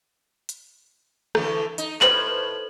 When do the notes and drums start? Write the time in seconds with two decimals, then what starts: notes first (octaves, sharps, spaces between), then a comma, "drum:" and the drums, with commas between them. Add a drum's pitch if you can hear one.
0.49 drum: hi-hat
1.35 D3 E3 A3, drum: rim click
1.78 D#4, drum: hi-hat
2.01 A2 B4 C5 F6 F#7, drum: clap